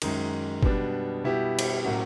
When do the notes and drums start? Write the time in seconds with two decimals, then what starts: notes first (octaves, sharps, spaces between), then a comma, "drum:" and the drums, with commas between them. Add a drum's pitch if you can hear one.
0.02 F#2 D#3 G#3, drum: cymbal
0.63 B2 G3 B3 D4, drum: kick G1
1.24 B2 G3 B3 E4 G4
1.59 drum: cymbal
1.84 A2 F#3 A#3 C#4 F#4